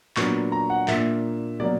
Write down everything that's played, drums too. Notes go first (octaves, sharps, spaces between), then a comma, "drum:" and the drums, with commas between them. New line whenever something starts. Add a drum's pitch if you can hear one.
A#2 F#3 B3 D4 C#6, drum: clap
A#5
F#5
A#2 A#3 D4 E5, drum: clap
B2 F#3 A#3 D5